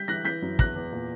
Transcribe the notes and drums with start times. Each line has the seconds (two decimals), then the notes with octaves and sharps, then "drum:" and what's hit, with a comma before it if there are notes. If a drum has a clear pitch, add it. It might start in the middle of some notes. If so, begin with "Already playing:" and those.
Already playing: G3 G6 B6
0.08 E3 F#6 A#6
0.25 E3 G6 B6
0.42 F#2
0.59 E2 F#6 A#6, drum: kick
0.75 E2
0.92 A#2